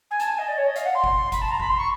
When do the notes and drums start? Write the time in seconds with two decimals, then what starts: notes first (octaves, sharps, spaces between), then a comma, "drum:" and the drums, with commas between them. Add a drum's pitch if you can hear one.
0.10 G#5
0.20 A5, drum: hi-hat
0.29 G#5
0.38 D#5
0.48 D5
0.57 C#5
0.66 D#5
0.76 F5, drum: hi-hat
0.85 F#5
0.94 C6
1.04 drum: kick G1
1.32 B5, drum: kick G1, hi-hat
1.41 A5
1.51 A#5
1.60 B5, drum: kick G1
1.69 C6
1.78 C#6